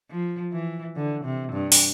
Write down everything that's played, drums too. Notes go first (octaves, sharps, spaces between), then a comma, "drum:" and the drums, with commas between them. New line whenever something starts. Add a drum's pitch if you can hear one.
F3
E3
D3
C3
G2
drum: open hi-hat